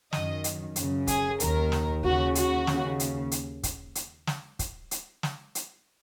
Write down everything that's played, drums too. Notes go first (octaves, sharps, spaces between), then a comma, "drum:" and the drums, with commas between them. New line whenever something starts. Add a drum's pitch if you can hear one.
F#2 D#3 D#5, drum: snare
drum: hi-hat
F#2 C#3, drum: hi-hat
G#4, drum: kick, hi-hat
D#2 D#3 A#4, drum: hi-hat
drum: snare
D#2 C#3 F#4, drum: kick
F#4, drum: hi-hat
D#2 C#3, drum: snare
drum: hi-hat
drum: hi-hat
drum: kick, hi-hat
drum: hi-hat
drum: snare
drum: kick, hi-hat
drum: hi-hat
drum: snare
drum: hi-hat